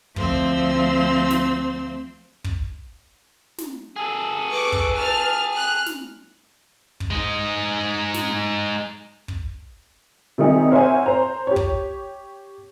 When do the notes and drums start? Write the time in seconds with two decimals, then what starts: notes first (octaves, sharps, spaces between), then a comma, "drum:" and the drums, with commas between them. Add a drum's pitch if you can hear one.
0.16 D2 F3 C4 C5 E6, drum: kick
1.30 drum: snare
2.44 drum: kick
3.58 drum: snare
3.96 G#4 A4
4.50 B4 C#6 D6
4.72 drum: kick
4.94 A5 F6
5.53 F6 F#6
5.86 drum: snare
7.00 drum: kick
7.11 G#3 D#4
8.14 drum: snare
9.28 drum: kick
10.38 C3 D#3 G3 D#4 G#4
10.71 A#4 C5 C#5 E5 F#5 G#5
11.06 C5 A#5
11.47 G4 C#5
11.56 drum: kick